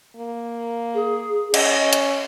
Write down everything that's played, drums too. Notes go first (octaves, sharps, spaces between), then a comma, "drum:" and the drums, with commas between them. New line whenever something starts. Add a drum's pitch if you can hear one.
A#3
G#4
C#4 D#5, drum: cymbal
drum: hi-hat